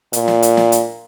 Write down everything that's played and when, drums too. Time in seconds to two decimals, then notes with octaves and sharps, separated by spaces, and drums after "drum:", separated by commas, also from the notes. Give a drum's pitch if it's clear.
0.13 A#2, drum: hi-hat
0.28 drum: snare
0.42 drum: hi-hat
0.57 drum: snare
0.72 drum: hi-hat